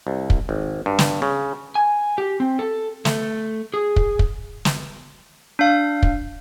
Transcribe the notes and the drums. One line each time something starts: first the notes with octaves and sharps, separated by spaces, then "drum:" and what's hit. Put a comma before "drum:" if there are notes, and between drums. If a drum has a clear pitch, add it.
C2
drum: kick
G#1
G2
drum: snare
C#3
G#5
G4
C4
A4
A3, drum: snare
G#4
drum: kick
drum: kick
drum: snare
D4 F5
drum: kick